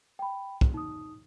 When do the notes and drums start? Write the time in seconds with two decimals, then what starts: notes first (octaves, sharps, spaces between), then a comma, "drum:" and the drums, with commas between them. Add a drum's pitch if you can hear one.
0.19 G5 B5
0.61 drum: kick
0.74 D#4 D#6